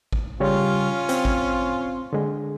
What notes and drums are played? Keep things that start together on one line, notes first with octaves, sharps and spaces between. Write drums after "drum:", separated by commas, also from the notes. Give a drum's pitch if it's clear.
drum: kick A1
C#3 G3 C#4 F4 C#5
C4, drum: hi-hat
drum: kick A1
D3 G#3